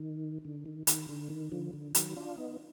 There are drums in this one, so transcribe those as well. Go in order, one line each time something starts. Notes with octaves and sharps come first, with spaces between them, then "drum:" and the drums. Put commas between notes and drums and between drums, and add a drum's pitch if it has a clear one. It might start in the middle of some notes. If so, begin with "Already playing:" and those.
Already playing: D#3
D3
D#3
D#3, drum: hi-hat
D3
D#3
D3 F3
D3
D#3 F#3, drum: hi-hat
D4 F4
B3 D#4